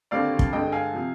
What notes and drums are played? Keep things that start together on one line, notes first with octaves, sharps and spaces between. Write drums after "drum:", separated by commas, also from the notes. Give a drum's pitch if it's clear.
D#2 D3 G3 C4 D5 F5
drum: kick
G2 D3 G#3 D#5 G5
F5 G#5
C3 F3